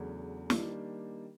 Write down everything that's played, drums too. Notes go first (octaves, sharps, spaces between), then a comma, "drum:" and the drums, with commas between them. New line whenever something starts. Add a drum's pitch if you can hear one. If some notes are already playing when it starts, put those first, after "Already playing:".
Already playing: E2 C#3 F#3 A3 D4
D#3 G3 A#3 D4, drum: snare